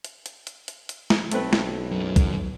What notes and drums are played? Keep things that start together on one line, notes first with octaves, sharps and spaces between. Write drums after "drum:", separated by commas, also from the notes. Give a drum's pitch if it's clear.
drum: hi-hat
drum: hi-hat
drum: hi-hat
drum: hi-hat
drum: hi-hat
drum: snare
B1 A3 C4 B4, drum: hi-hat
drum: snare
F#2
drum: kick, hi-hat